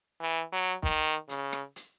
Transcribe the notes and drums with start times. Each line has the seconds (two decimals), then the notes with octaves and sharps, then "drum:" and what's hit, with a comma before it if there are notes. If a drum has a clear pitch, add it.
0.21 E3
0.52 F#3
0.83 D#3, drum: kick
1.29 C#3, drum: hi-hat
1.53 drum: rim click
1.76 drum: hi-hat